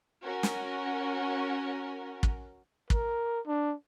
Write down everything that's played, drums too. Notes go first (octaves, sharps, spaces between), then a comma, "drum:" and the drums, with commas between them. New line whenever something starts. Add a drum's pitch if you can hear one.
C#4 F#4 A#4
drum: snare
drum: kick
A#4, drum: kick
D4